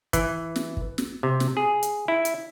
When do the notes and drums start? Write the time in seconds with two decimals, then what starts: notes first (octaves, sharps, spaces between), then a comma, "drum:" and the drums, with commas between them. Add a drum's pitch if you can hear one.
0.13 E3, drum: kick, hi-hat
0.56 drum: snare
0.77 drum: kick
0.98 drum: snare
1.23 C3
1.40 drum: snare
1.57 G#4
1.83 drum: hi-hat
2.08 E4
2.25 drum: hi-hat